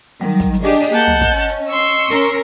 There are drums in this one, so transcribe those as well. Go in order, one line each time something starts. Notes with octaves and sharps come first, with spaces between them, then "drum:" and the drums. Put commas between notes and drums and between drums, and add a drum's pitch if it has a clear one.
D#3 F#3 G3
drum: kick, hi-hat
drum: hi-hat
D4 G4 G#4 D#5
drum: open hi-hat
A#3 F#5 A5 G6, drum: hi-hat
drum: tom
drum: kick, hi-hat
C#4, drum: hi-hat
drum: hi-hat
C6 C#6 E6
C#4 A#4